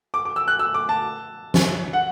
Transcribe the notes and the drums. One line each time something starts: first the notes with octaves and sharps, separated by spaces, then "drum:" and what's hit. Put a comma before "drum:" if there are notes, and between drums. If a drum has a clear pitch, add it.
D6
D6
E6
F#6
E6
D6
A5
drum: snare
F#5